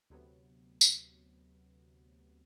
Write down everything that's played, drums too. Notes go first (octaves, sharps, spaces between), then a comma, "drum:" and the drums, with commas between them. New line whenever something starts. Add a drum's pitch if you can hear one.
D2 C3 F#3 B3
drum: tambourine